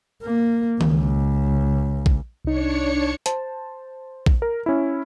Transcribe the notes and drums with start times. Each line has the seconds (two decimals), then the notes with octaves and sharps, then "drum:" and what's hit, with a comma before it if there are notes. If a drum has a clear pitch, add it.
0.23 A#3
0.81 C#2, drum: tom D#3
2.06 drum: kick A#1
2.45 C2 D4 D#4 C#5 C#7
3.26 C5 A5, drum: hi-hat
4.26 drum: kick A#1
4.42 A#4
4.66 C#4 E4